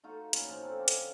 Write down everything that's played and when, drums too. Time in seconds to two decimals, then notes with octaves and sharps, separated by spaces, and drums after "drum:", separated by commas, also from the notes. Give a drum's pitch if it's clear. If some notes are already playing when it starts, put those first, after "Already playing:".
0.04 A3 D#4 F4 F#4
0.33 A#2 C#4 B4 C6, drum: hi-hat
0.48 A#2 F3 D#4
0.63 C4 A4
0.78 D3 C#4
0.88 drum: hi-hat